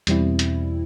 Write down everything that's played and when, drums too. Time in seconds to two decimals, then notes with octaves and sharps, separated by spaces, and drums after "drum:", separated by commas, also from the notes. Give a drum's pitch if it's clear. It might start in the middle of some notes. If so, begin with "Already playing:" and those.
0.07 E2 B2 G3 C4 E4, drum: hi-hat
0.39 drum: hi-hat